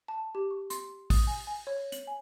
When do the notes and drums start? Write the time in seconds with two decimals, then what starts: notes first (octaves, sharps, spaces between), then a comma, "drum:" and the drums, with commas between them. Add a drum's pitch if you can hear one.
0.08 A5
0.35 G4
0.51 C#6
0.70 C6, drum: hi-hat
1.10 D#6, drum: kick, open hi-hat
1.27 G#5
1.47 G#5
1.67 C#5
1.92 F#7, drum: hi-hat
2.07 G#5